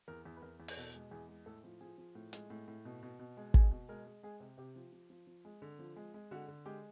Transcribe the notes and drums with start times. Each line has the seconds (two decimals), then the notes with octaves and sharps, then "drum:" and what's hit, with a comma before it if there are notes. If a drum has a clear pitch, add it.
0.08 E2 A#4
0.25 E2
0.37 B4
0.42 E2 A#4
0.60 E2
0.68 G#4, drum: open hi-hat
0.77 B2 A4
0.95 G#3
1.11 E2 G#4
1.28 G#3
1.46 A2 A4
1.64 F3
1.81 F3 G#4
1.98 F3
2.15 A2
2.33 G#3, drum: hi-hat
2.50 A2
2.68 A2
2.85 B2
3.03 B2
3.19 B2
3.37 G#3
3.54 B2 G#4, drum: kick
3.71 B2
3.89 G#3 A#4
4.06 G#3
4.23 G#3 G#4
4.40 C3
4.58 C3 G4
4.76 F3
4.93 F3
5.10 F3
5.27 F3
5.45 G#3
5.62 D3
5.79 F3
5.96 G#3
6.14 G#3
6.31 D3 F#4
6.48 D3
6.66 G#3 G4